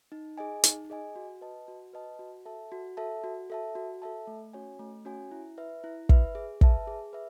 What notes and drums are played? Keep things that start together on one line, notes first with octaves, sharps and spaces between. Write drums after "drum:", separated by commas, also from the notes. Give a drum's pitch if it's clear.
D#4
G#4 D#5 G#5
D#4, drum: hi-hat
G#4 D#5 G#5
F#4
B4 D#5 A5
F#4
B4 D#5 A5
F#4
A4 E5 A5
F#4
A4 E5 A5
F#4
A4 E5 A5
F#4
A4 E5 A5
A3
C#4 F#4 C#5 G#5
A3
C#4 F#4 C#5 G#5
E4
B4 E5
E4
B4 E5, drum: kick
G#4
B4 E5 A5, drum: kick
G#4
B4 E5